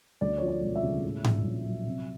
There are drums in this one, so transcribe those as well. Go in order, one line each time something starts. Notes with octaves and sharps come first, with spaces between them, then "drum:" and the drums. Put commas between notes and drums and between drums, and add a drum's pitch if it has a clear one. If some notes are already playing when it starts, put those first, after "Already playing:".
D2 D5
F3 C#5
D5
E1
E5
C#3
A2
A#1, drum: tom G#2
A#1
F#3
C3